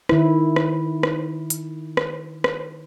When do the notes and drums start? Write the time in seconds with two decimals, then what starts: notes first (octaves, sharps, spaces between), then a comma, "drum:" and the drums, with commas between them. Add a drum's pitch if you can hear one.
0.09 D#3 E4, drum: rim click
0.56 drum: rim click
1.03 drum: rim click
1.50 drum: hi-hat
1.97 drum: rim click
2.44 drum: rim click